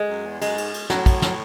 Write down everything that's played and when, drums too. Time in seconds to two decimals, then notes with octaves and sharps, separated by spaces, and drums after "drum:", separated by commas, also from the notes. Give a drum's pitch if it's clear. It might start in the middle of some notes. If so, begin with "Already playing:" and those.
Already playing: G#3
0.09 F#2
0.26 E2
0.41 F#2 G#3, drum: cymbal
0.58 G#2, drum: cymbal
0.74 drum: cymbal
0.90 A2 F#3, drum: snare
1.06 drum: kick, cymbal
1.22 drum: snare